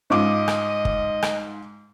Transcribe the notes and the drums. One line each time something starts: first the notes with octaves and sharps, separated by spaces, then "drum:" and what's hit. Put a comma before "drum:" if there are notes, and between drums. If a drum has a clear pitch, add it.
G#2 F4 D#5 D6
drum: rim click
drum: kick G1
drum: rim click